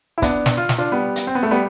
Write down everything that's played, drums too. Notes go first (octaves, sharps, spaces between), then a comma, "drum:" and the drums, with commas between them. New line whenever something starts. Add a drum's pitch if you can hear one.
E4
B3 D4, drum: kick, hi-hat
drum: snare
F4
drum: snare
D4 F4
G3 B3
drum: hi-hat
C4
B3
A3
G3 B3